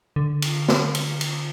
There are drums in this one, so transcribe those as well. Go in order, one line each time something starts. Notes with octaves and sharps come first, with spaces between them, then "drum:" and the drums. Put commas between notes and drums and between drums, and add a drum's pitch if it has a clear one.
D3
drum: cymbal
drum: snare
drum: cymbal
drum: cymbal